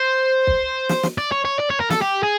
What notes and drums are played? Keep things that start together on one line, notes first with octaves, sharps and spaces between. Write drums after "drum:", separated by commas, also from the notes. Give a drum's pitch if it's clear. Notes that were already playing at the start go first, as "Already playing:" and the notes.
Already playing: C5
drum: kick
drum: snare
drum: snare
D5
C#5
C#5
D5
C#5
A#4
A4, drum: snare
G4
G#4